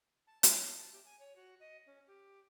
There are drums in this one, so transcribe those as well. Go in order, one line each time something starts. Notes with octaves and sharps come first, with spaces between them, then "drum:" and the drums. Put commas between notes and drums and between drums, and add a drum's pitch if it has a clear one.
A5
C#5, drum: hi-hat
A5
G4
G#5
C#5
F#4
D#5
C#4
G4